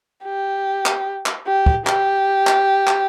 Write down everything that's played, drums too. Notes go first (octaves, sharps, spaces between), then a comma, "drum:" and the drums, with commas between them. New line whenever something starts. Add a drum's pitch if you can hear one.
G4
drum: clap
drum: clap
G4
drum: kick
G4, drum: clap
drum: clap
drum: clap